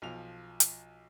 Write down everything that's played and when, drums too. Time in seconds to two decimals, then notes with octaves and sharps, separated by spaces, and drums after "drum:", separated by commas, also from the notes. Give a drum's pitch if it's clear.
0.02 B1 F3 F7
0.60 drum: hi-hat